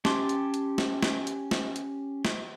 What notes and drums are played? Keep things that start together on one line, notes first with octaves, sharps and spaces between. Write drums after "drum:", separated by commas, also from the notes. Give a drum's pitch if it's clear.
C#4 G4 A5 C6, drum: snare
drum: hi-hat
drum: hi-hat
drum: snare
drum: snare
drum: hi-hat
drum: snare
drum: hi-hat
drum: snare